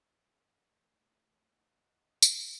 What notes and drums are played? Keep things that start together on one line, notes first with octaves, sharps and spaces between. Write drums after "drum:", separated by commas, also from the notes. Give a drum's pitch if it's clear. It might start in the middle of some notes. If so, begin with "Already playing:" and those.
E3 A3
D#5 F5 F#5
drum: tambourine